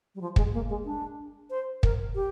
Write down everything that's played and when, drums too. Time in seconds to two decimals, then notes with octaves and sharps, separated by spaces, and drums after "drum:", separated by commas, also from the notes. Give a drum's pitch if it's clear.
0.15 G3
0.21 F3
0.36 G#3, drum: kick
0.54 A#3
0.69 G#3
0.85 D4
1.50 C5
1.83 A#4, drum: kick
2.15 G4